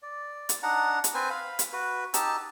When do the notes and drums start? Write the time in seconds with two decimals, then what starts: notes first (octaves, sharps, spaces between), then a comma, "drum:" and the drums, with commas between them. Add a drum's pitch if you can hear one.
0.02 D5
0.49 drum: hi-hat
0.63 D4 D#4 F#5 A#5
1.04 drum: hi-hat
1.14 C4 B4 C5 G#5
1.30 F5 B5
1.59 drum: hi-hat
1.73 F#4 B4
2.14 D#4 G4 A5 E6, drum: hi-hat